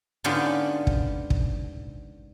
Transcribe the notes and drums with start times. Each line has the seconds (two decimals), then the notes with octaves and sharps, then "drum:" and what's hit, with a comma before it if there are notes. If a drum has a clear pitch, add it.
0.24 G#2 D3 B3 C#4 F4 G4
0.87 drum: kick
1.30 drum: kick